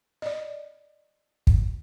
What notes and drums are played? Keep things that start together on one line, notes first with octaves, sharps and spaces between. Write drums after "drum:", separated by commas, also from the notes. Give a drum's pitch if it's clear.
D5 D#5
drum: kick